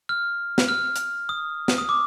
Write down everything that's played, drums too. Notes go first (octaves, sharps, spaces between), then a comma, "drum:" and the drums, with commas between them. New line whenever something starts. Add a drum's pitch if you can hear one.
F6
drum: snare
F6
drum: hi-hat
D#6
drum: snare
D#6
D6